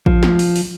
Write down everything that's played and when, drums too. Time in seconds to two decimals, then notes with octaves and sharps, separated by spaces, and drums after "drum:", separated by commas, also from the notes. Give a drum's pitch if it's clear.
0.06 F3, drum: kick A1
0.23 drum: snare
0.39 drum: open hi-hat
0.56 drum: open hi-hat